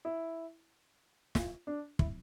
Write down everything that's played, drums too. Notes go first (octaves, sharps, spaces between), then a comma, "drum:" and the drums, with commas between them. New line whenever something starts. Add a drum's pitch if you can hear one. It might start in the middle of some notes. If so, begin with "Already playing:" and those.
E4
F4, drum: snare
D4
E4, drum: kick